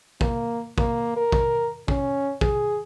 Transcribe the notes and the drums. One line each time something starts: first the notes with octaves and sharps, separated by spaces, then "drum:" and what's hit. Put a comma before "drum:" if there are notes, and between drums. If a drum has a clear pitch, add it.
A#3, drum: kick
A#3, drum: kick
A#4
drum: kick
C#4, drum: kick
G#4, drum: kick